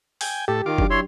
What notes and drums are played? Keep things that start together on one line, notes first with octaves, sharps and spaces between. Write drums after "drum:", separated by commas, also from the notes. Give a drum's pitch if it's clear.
G5 G#5, drum: open hi-hat
A2 G4 A4
D#3 F4 D6
F#3 D4 G4, drum: kick F#1
E4 C#5 C6